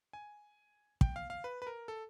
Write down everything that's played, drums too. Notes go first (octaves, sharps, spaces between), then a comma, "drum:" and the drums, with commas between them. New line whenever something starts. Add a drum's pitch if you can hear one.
G#5
G5, drum: kick
F5
F5
B4
B4
A#4
A4